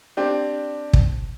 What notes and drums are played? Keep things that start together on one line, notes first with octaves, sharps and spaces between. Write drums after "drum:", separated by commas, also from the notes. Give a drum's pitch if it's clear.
C4 D4 G4
drum: kick